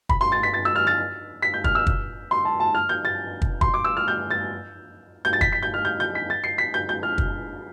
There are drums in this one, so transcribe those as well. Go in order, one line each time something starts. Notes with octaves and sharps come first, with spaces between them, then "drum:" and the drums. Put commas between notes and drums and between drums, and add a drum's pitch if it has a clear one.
B5, drum: kick
C6
A6
B6
A6
E6
F6
A6
B6
G6
F6, drum: kick
E6
drum: kick
C6
A5
A5
F6
G6
A6
drum: kick
C6, drum: kick
D6
E6
F6
G6
A6
G6
A6
B6, drum: kick
B6
G6
F6
G6
G6
B6
A6
C7
B6
G6
G6
F6
drum: kick